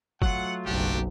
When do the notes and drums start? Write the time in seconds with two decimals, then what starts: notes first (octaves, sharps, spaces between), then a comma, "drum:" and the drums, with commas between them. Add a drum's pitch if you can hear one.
0.22 F#3 A3 F4 F#5, drum: kick
0.66 F#1 B1 D4 F#4 G4